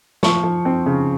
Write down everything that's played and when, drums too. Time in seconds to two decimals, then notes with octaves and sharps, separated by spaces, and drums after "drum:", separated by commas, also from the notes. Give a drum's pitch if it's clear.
0.23 F3 C#6, drum: snare
0.44 F3
0.65 C4
0.86 C#3